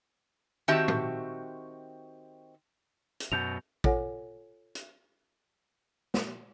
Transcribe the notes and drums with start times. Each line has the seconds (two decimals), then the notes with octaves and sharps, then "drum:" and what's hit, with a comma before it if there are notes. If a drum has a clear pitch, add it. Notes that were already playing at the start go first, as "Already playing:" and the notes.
0.68 D#3 C4 F#4 G4 E5 A5
0.88 drum: tom
3.20 drum: hi-hat
3.32 F#2 B2 G6 F7
3.84 F4 A4 C#5 F#5 G#5, drum: kick A1
4.75 drum: hi-hat
6.14 drum: snare